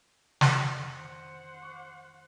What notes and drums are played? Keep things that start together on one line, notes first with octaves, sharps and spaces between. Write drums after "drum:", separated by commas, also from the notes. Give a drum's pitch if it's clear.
F2 C#4, drum: snare
D#3 C5 F#5
C#6 D6